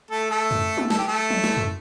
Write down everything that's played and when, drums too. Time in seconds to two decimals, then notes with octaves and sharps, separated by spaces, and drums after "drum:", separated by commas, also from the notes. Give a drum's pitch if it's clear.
0.11 A3 A4
0.30 A3 A4
0.51 drum: tom F2
0.77 drum: tom
0.90 A4, drum: snare
0.99 G4
1.08 A3 A4
1.30 drum: tom
1.44 drum: snare
1.57 drum: tom F2